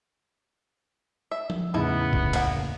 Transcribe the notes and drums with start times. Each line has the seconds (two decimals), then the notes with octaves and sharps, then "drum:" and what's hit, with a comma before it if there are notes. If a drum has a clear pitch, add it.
1.31 E5
1.50 drum: tom F3
1.74 E2 A2 C#3 B3 D#4 E4
2.13 drum: kick
2.33 A#3 F#5, drum: cymbal